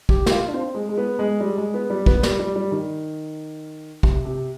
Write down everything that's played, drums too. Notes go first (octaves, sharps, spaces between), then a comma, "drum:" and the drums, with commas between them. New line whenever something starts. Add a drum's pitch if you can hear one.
G4, drum: kick
G4, drum: snare
F4
D4
C4
G#3
G#3
B3
G#3
G3
G#3
B3
G3
B3, drum: kick
G3, drum: snare
G3
G3
D#3
C3, drum: kick
C3